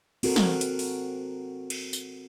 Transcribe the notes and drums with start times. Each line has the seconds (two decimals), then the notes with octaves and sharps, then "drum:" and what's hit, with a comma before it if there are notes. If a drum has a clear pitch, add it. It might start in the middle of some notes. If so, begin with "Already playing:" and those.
0.23 C4 F#4 A4 A#4, drum: cymbal
0.36 drum: snare
0.61 drum: hi-hat
0.79 drum: open hi-hat
1.70 drum: cymbal
1.93 drum: tambourine